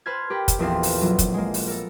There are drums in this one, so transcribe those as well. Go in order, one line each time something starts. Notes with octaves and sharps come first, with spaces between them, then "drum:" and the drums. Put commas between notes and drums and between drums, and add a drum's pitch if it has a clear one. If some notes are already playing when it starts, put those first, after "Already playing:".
B4 C5 A5 F6 G#6
G4 A#4 B4
drum: kick, hi-hat
A#1 E2 C4 A4 F5 A#6
drum: open hi-hat
A#1 F#3
drum: kick, hi-hat
G#3 A#3
drum: open hi-hat
A4 A#4